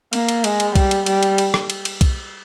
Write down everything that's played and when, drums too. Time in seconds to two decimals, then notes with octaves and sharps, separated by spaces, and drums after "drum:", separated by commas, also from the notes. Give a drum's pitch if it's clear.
0.13 A#3, drum: cymbal
0.29 drum: cymbal
0.44 G#3, drum: cymbal
0.60 drum: cymbal
0.75 G3, drum: kick, cymbal
0.91 drum: cymbal
1.06 G3, drum: cymbal
1.23 drum: cymbal
1.38 drum: cymbal
1.54 drum: rim click
1.70 drum: cymbal
1.85 drum: cymbal
2.01 drum: kick, cymbal